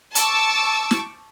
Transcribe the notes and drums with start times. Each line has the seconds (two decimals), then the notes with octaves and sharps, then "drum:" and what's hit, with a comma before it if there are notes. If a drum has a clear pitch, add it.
0.15 A5 C#6 D6 E6, drum: hi-hat
0.91 drum: snare